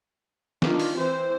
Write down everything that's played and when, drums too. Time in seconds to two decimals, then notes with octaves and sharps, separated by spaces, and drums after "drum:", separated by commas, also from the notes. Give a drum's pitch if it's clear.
0.62 D#3 D4 F4, drum: snare
0.80 drum: open hi-hat
0.96 E3 C4 C5